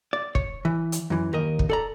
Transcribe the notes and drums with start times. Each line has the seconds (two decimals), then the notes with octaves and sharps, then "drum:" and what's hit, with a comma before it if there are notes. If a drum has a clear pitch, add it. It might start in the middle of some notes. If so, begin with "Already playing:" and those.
0.13 D5
0.35 C#5, drum: kick
0.65 E3
0.92 drum: hi-hat
1.10 F#2 E3
1.33 D#2 A#4 D#5
1.59 drum: kick
1.70 A4 D5 A#5